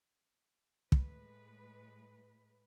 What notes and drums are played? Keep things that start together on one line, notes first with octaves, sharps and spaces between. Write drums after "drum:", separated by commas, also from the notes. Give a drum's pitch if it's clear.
A2 G#3 B4, drum: kick